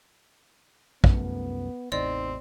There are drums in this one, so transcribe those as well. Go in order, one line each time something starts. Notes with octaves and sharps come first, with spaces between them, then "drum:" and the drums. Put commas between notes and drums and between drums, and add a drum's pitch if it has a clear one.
C2 F#2 A3 B3, drum: kick
A1 E2 C4 D#4 D5 D#5